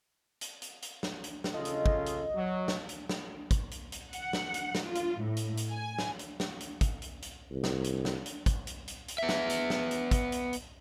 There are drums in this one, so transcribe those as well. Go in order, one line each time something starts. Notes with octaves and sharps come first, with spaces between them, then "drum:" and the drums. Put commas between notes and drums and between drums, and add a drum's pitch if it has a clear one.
drum: hi-hat
drum: hi-hat
drum: hi-hat
drum: snare
drum: hi-hat
drum: snare
C#3 F4 A4 D#5
drum: hi-hat
drum: kick
drum: hi-hat
F#3
drum: snare
drum: hi-hat
drum: snare
drum: kick, hi-hat
drum: hi-hat
drum: hi-hat
F#5, drum: hi-hat
drum: snare
drum: hi-hat
drum: snare
F4
drum: hi-hat
A2
drum: hi-hat
drum: hi-hat
G#5
drum: snare
drum: hi-hat
drum: snare
drum: hi-hat
drum: kick, hi-hat
drum: hi-hat
drum: hi-hat
C2
drum: snare
drum: hi-hat
drum: snare
drum: hi-hat
drum: kick, hi-hat
drum: hi-hat
drum: hi-hat
drum: hi-hat
B3 E5
drum: snare
drum: hi-hat
drum: snare
drum: hi-hat
drum: kick, hi-hat
drum: hi-hat
drum: hi-hat